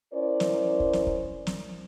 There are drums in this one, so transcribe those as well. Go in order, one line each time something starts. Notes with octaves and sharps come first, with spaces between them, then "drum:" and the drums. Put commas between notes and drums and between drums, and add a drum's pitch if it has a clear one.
C#4 E4 A#4 C5 D5
drum: snare
drum: kick
drum: snare
drum: kick
drum: snare